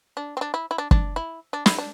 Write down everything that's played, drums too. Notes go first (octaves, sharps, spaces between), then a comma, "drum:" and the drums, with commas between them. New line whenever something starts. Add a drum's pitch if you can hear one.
D4
C4
D4
E4
E4
D4
D4, drum: kick
E4
D4
E4, drum: snare
D4